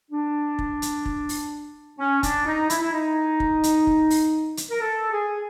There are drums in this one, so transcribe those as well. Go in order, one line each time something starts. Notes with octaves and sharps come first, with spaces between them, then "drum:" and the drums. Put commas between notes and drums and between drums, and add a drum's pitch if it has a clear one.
D4
drum: kick
drum: hi-hat
drum: kick
drum: open hi-hat
C#4
D4, drum: kick, hi-hat
D#4
E4, drum: hi-hat
E4
D#4
drum: kick
drum: hi-hat
drum: kick
drum: open hi-hat
drum: hi-hat
A#4
A4
G#4